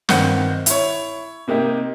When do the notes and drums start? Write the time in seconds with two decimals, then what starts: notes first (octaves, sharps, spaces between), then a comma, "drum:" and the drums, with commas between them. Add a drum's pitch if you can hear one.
0.09 G1 D#3 C4 F#5 G6, drum: snare
0.66 E4 C#5, drum: hi-hat
1.48 C3 A#3 D#4 G4